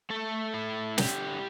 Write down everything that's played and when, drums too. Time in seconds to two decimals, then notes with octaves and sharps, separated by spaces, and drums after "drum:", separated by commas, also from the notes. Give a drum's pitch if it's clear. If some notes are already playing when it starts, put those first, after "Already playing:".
0.10 A3 A4
0.54 E4
0.98 D3 G4, drum: snare